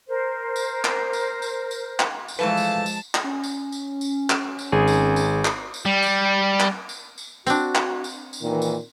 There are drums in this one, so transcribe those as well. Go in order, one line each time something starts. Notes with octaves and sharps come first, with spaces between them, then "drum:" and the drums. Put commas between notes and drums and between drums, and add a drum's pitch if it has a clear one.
A#4 C5
drum: tambourine
drum: clap
drum: tambourine
drum: tambourine
drum: tambourine
drum: clap
drum: tambourine
E3 F3 G#3 A3 B4 F5 A5
drum: tambourine
drum: tambourine
drum: clap
C#4
drum: tambourine
drum: tambourine
drum: tambourine
drum: clap
drum: tambourine
G#1 G#4
drum: tambourine
drum: tambourine
drum: clap
drum: tambourine
G3
drum: tambourine
drum: clap
drum: tambourine
drum: tambourine
C4 D4 F#4, drum: tambourine
drum: clap
drum: tambourine
drum: tambourine
A#2 D#3 E3
drum: tambourine